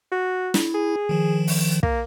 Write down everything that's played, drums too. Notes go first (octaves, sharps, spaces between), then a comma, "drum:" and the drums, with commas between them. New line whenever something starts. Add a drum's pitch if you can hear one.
F#4
E4, drum: snare
G#4
D#3 F3
drum: open hi-hat
A#3, drum: kick